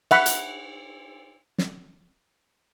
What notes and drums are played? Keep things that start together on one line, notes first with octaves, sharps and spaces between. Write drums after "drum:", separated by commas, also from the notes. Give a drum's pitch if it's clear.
E5 F#5 B5, drum: cymbal
drum: hi-hat
drum: snare